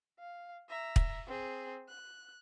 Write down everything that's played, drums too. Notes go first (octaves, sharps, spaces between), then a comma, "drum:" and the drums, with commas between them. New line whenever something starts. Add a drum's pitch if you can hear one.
F5
E5 A#5
drum: kick
C4 G#4
F#6